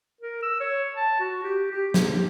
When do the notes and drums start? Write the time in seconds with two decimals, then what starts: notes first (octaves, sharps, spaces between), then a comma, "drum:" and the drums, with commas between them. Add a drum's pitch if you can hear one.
0.21 A#4
0.43 E6
0.60 C#5
0.96 A5
1.20 F#4
1.44 G4
1.71 G4
1.94 A#3, drum: snare
2.12 G4